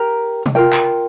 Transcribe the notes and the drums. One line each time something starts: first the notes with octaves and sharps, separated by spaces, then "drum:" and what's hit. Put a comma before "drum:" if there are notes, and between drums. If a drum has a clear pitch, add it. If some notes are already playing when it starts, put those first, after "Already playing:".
Already playing: G4 A#4 G5 A#5
drum: tom
F4 A#4 G5
drum: clap